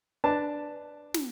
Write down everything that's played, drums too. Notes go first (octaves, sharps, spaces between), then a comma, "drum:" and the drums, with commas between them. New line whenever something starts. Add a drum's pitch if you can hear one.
D4 B4 A5
drum: snare